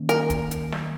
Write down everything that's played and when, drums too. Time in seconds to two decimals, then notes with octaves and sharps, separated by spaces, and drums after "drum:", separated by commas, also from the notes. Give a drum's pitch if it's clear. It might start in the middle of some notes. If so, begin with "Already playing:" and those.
Already playing: D#3 A#3 C#4
0.09 A#4, drum: hi-hat
0.30 drum: kick, hi-hat
0.51 drum: hi-hat
0.72 drum: snare